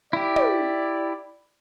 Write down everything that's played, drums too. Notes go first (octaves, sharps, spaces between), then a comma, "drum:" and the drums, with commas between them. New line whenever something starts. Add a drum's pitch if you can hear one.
E4 G4 D5
drum: tom